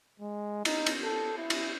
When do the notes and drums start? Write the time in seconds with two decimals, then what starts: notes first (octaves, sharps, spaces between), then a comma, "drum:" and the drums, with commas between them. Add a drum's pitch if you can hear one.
0.20 G#3
0.65 D#4, drum: cymbal
0.86 drum: cymbal
1.03 A4
1.38 E4
1.50 drum: cymbal